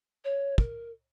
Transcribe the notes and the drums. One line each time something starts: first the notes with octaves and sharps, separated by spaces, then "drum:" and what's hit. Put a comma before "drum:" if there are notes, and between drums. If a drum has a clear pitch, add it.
C#5
A#4, drum: kick